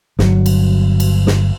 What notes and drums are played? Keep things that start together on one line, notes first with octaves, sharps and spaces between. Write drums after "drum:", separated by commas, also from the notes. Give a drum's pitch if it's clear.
G1 F#3, drum: snare
drum: cymbal
drum: cymbal
drum: snare